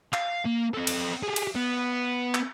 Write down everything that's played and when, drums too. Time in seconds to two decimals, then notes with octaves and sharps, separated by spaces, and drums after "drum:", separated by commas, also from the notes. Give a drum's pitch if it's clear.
0.13 F5, drum: clap
0.46 A#3
0.74 C4 A4
0.87 drum: cymbal
1.23 G4 G#4
1.36 drum: cymbal
1.56 B3
2.35 drum: clap